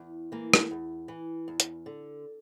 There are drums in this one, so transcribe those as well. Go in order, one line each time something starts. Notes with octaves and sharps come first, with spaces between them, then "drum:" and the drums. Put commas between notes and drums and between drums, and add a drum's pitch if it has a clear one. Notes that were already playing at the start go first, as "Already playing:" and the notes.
Already playing: E2
E3 A#3
drum: rim click
E2
E3
E2
drum: hi-hat
D3